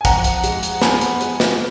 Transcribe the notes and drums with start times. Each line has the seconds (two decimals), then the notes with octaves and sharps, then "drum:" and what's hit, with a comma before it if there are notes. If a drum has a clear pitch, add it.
0.01 G#5
0.05 F2 F#5 A#5, drum: kick, hi-hat
0.24 drum: hi-hat
0.44 G#3, drum: hi-hat
0.63 drum: hi-hat
0.82 B3 G#5 B5, drum: snare
1.01 drum: hi-hat
1.21 G#3, drum: hi-hat
1.40 drum: snare